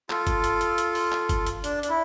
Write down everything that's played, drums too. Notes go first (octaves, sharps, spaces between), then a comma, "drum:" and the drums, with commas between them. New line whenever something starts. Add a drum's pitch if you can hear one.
F4 A4, drum: clap
drum: kick G1, hi-hat
drum: hi-hat
drum: hi-hat
drum: hi-hat
drum: open hi-hat
drum: clap
drum: kick G1, hi-hat
drum: hi-hat
D4, drum: hi-hat
D4, drum: hi-hat
E4